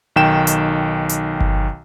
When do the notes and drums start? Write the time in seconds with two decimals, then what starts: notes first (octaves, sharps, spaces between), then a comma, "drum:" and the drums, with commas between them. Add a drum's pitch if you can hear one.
0.16 B1 D#3 G5 E7
0.47 drum: hi-hat
1.09 drum: hi-hat
1.41 drum: kick G1